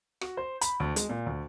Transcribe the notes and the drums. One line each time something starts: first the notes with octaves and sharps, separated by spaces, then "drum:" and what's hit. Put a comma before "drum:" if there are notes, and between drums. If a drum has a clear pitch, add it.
F#4, drum: rim click
C5
B5, drum: hi-hat
D2
G#3, drum: hi-hat
A#2
D2